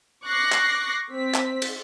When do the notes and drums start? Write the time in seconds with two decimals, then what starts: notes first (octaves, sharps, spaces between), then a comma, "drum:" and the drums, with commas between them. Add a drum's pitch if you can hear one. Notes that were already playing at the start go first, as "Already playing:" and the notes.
0.25 C#6 D6 F#6 A#6 C7
0.52 drum: clap
1.13 C4 B6
1.34 drum: clap
1.62 drum: cymbal